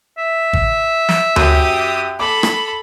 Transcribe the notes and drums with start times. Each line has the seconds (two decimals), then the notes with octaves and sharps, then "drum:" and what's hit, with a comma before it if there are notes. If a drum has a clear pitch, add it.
0.18 E5
0.53 drum: kick
1.09 drum: snare
1.36 F#2 G4 D#6, drum: tom D2
2.19 A4 B5 D6
2.43 drum: rim click